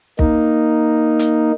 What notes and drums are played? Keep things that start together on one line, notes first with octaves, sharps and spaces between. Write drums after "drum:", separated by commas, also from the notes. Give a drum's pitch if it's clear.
A#3 D#4, drum: kick
drum: hi-hat